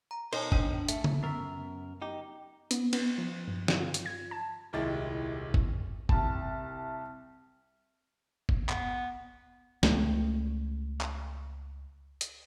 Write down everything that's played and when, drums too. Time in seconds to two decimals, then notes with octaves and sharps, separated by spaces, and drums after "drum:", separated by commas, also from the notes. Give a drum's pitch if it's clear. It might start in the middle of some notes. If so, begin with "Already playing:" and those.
0.11 A#5
0.33 B2 D#4 A#4 C5 C#5 G#5, drum: cymbal
0.52 D4 G#5, drum: kick
0.88 A3 E5, drum: hi-hat
1.04 drum: tom C#3
1.23 F#2 B3 A#4 B6
2.02 D#4 G4
2.71 B3, drum: hi-hat
2.93 B3, drum: cymbal
3.18 F3
3.48 G2
3.68 drum: snare
3.80 F4
3.94 drum: hi-hat
4.06 G#6
4.31 A5
4.73 D#1 C2 G#3 E4 A6
5.54 drum: kick
6.09 C2 A5, drum: kick
8.49 drum: kick
8.69 B3, drum: clap
9.83 C#2 A3, drum: snare
11.01 drum: clap
12.21 drum: hi-hat